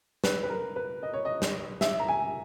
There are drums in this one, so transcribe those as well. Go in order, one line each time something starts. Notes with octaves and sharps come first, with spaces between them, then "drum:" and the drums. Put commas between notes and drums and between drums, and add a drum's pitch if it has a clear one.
B4, drum: snare
B4
A#4
B4
D#5
C#5
D#5
drum: snare
E5, drum: snare
A#5
G#5